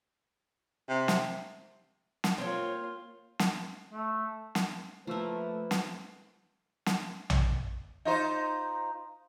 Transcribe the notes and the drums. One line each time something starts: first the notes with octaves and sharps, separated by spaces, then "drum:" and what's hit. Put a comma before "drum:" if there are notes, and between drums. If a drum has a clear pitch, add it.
C3
drum: snare
drum: snare
A#3 C4 F4 C#5
drum: snare
A3
drum: snare
F3 A3 A#3 B4
drum: snare
drum: snare
drum: tom A#1
D#4 F4 C5